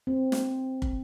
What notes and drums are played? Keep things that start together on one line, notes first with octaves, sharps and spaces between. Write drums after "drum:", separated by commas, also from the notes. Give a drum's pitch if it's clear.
C4
drum: snare
drum: kick